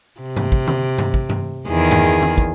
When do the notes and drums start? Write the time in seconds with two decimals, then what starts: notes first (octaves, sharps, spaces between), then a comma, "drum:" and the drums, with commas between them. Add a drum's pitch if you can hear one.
0.21 C3
0.37 drum: tom G2
0.52 drum: kick
0.67 drum: tom D3
0.98 drum: tom G2
1.14 drum: kick
1.29 drum: tom G2
1.68 E2 D#3 G#4
1.91 drum: tom G2
2.22 drum: tom D3
2.38 drum: kick